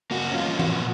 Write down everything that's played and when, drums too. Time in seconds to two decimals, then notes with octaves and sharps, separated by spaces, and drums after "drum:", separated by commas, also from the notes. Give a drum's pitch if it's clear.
0.11 A#3 F#4
0.30 C#4
0.35 F4
0.48 F3
0.59 F#4, drum: tom
0.66 A#2